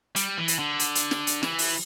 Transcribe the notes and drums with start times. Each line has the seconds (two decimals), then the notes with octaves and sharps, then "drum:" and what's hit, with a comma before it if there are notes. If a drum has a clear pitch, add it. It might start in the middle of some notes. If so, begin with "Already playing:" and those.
0.16 G3, drum: hi-hat
0.38 E3
0.48 drum: hi-hat
0.59 D3
0.79 drum: hi-hat
0.95 drum: hi-hat
1.11 drum: snare
1.27 drum: hi-hat
1.43 E3, drum: snare
1.59 drum: open hi-hat